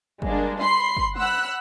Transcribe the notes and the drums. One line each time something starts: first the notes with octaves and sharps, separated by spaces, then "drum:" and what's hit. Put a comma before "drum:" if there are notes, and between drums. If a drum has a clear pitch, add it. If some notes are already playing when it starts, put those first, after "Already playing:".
G3 G#3 A#3 D4, drum: kick
B5 C6 C7, drum: snare
drum: kick
F#5 B5 E6 F#6, drum: tom